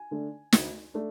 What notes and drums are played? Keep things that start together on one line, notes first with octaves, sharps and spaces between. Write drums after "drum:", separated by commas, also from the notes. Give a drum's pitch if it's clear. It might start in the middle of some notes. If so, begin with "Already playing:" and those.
Already playing: G#5
D3 A3 D4
D2, drum: snare
A3 D4